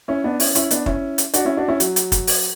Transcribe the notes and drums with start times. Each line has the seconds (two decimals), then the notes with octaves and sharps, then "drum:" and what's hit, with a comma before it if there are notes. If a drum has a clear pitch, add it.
0.08 C#4 E4
0.24 B3 D4
0.40 C#4 E4, drum: open hi-hat
0.55 C#4 E4, drum: hi-hat
0.71 B3 D4, drum: hi-hat
0.86 C#4 E4, drum: kick
1.18 drum: hi-hat
1.34 D4 F#4, drum: hi-hat
1.45 C#4 E4
1.57 D4 F#4
1.68 C#4 E4
1.80 F#3, drum: hi-hat
1.96 drum: hi-hat
2.12 drum: kick, hi-hat
2.27 drum: open hi-hat